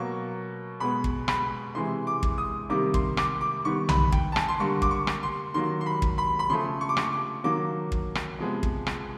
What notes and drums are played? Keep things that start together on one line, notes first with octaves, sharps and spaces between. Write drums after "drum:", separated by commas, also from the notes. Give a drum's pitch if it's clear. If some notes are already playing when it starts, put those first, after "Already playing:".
Already playing: B2 F#3 A#3 C#6
B2 G#3 B3 B5
drum: kick
B5, drum: rim click
C3 E3 G#3 C6
D6
drum: kick
D#6
C3 D#3 G3 A#3 D6
C6, drum: kick
D6, drum: rim click
D6
D#3 G3 B3 C#6
B5, drum: tom B1
G5, drum: kick
A5
G#5, drum: rim click
C6
D3 G3 A#3 C#6
D6, drum: kick
C#6
drum: rim click
C6
D#3 F#3 A#3 C6
C6
B5
drum: kick
B5
B5
C#3 F3 A3 C6
C#6
D6
C#6, drum: rim click
D6
D#3 F#3 A#3 D6
drum: kick
drum: rim click
C3 F3 G#3 B3
drum: kick
drum: rim click